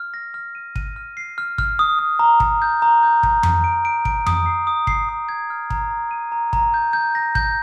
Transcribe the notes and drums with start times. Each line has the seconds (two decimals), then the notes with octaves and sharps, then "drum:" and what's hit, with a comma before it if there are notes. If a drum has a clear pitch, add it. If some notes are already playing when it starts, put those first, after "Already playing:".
Already playing: F6
0.14 A#6
0.34 F6
0.55 D#7
0.76 D#7, drum: kick
0.96 F6
1.17 C7
1.38 F6
1.58 F6, drum: kick
1.79 D#6
1.99 D#6
2.19 A#5
2.40 A#5, drum: kick
2.62 G6
2.82 A#5
3.03 G6
3.23 G6, drum: kick
3.43 G6, drum: tom F2
3.64 D7
3.85 D7
4.05 D7, drum: kick
4.26 D#6, drum: tom F2
4.46 C7
4.67 D#6
4.87 C7, drum: kick
5.09 D#6
5.29 G#6
5.50 F6
5.70 A#5, drum: kick
5.91 A#5
6.11 D#7
6.32 A#5
6.53 A#5, drum: kick
6.74 G6
6.93 G6
7.15 A#6
7.35 G6, drum: kick